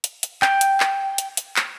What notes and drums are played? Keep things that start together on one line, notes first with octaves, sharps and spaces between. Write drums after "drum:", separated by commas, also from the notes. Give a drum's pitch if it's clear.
drum: hi-hat
drum: hi-hat
G5, drum: clap
drum: hi-hat
drum: clap
drum: hi-hat
drum: hi-hat
drum: clap